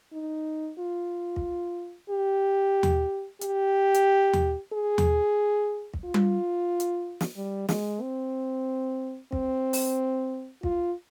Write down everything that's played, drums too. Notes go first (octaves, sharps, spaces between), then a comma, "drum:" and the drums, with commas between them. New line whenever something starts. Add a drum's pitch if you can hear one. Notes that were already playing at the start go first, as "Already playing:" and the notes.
D#4
F4
drum: kick
G4
drum: tom D#2
G4, drum: hi-hat
drum: hi-hat
drum: tom D#2
G#4
drum: tom D#2
drum: kick
F4
drum: tom G3
drum: hi-hat
drum: snare
G3
G#3, drum: snare
C4
C4, drum: kick
drum: open hi-hat
F4, drum: kick